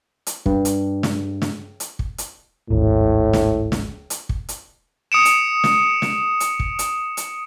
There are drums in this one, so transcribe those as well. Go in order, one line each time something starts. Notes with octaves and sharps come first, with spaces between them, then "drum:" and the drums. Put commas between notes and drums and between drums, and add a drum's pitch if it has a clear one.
drum: hi-hat
G2, drum: kick
drum: hi-hat
drum: snare
drum: snare
drum: hi-hat
drum: kick
drum: hi-hat
D1 G#1 A2
drum: snare
drum: snare
drum: hi-hat
drum: kick
drum: hi-hat
D#6 C#7 D7 E7
drum: hi-hat
drum: snare
drum: snare
drum: hi-hat
drum: kick
drum: hi-hat
drum: hi-hat